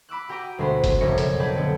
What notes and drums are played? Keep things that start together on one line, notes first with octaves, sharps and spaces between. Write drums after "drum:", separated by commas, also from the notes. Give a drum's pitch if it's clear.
B5 D6 E6 F#6
F#4 G4 G5 A#5 D6 D#6
D2 B2 G#3 C5 B5
drum: kick, hi-hat
F1 B1 F#2 C#3 A#6 C#7
drum: hi-hat
G#4 B4 D5 D#5 G5 A5
D3 B3